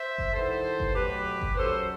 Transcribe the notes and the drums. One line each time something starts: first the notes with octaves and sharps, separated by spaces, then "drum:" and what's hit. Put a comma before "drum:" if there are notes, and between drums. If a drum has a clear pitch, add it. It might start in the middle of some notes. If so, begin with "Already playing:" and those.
Already playing: C5 E5
drum: kick G1
D#3 G3 B3 E4 A4 C5
drum: kick G1
B2 F#3 A3 G4 B4
drum: kick G1
F#2 D#3 F#3 A4 C5